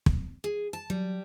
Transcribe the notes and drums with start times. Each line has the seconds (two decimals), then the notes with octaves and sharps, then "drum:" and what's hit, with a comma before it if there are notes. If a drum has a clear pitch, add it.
0.06 drum: kick
0.44 G#4
0.73 A5
0.90 F#3 G3